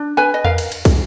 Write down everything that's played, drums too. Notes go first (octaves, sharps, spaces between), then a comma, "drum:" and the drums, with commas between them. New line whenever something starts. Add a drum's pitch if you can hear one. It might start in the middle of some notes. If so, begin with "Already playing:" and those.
Already playing: D4
B4 G#5
D#5
A#4 F5, drum: tom E2
drum: cymbal
drum: cymbal
drum: kick, cymbal